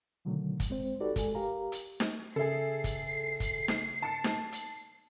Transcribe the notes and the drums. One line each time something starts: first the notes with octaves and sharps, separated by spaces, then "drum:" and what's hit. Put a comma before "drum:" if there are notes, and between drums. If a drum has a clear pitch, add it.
B2 D3 D#3 F#3 A3
drum: kick, hi-hat
G#3 C4 C5
D#4 F#4 G4 A4 B4 D5
G#3 A4 G#5, drum: kick, hi-hat
G4 A#4 F5 A#5
drum: hi-hat
drum: snare D#4
C#3 G#4 A4 E5 C7
drum: kick, hi-hat
drum: kick, hi-hat
drum: snare D#4
A5 C#7
drum: snare D#4
drum: hi-hat